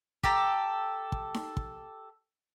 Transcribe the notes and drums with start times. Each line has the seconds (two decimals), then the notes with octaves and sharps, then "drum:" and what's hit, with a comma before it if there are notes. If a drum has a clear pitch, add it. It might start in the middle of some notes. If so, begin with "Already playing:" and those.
0.23 G4 A4 A#5, drum: kick
1.12 drum: kick
1.34 drum: snare D#4
1.57 drum: kick